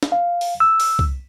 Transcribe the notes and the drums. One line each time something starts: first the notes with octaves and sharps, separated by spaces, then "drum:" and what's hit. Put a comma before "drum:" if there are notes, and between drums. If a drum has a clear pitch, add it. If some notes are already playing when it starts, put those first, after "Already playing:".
drum: snare
F5
drum: open hi-hat
E6
drum: open hi-hat
drum: kick